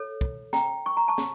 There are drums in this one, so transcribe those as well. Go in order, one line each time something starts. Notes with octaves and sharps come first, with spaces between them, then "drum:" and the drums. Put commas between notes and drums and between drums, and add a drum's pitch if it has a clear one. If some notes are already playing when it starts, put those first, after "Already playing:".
Already playing: A4 C#5
drum: kick
G5 A#5, drum: snare
C#6
A#5
A5 C#6
drum: snare